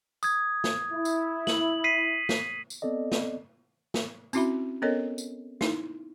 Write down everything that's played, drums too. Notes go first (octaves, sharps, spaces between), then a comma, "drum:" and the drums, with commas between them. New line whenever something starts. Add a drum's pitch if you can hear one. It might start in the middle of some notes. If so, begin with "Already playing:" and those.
D#6 G#6, drum: tambourine
drum: snare
E4
drum: tambourine
F#7, drum: snare
B6 C7 D#7
drum: snare
drum: tambourine
B3 C4 A4 D5 D#5
drum: snare
drum: snare
C4 C#4 E4 F#4 E5 B5, drum: tambourine
B3 C#4 A4 A#4 C#5 D#5
drum: tambourine
D#4 E4, drum: snare